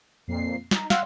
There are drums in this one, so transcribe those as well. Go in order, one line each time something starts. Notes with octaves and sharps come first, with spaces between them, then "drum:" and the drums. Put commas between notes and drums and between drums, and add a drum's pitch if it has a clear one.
F2 A#2 C7
D#4, drum: snare
F5 F#5 C6 E6, drum: snare